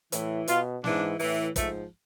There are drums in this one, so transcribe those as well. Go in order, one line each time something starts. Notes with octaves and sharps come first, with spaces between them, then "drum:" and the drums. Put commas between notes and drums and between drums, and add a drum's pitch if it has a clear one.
A2 E3, drum: hi-hat
B2 F4, drum: hi-hat
G#2 E3 D4, drum: snare
A2 E3, drum: open hi-hat
G#2 F3 A3, drum: kick, hi-hat